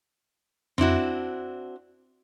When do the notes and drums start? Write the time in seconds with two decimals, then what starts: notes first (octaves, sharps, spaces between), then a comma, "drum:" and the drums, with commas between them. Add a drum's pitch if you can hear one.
0.78 C4 D4 E4 F#4, drum: tom F2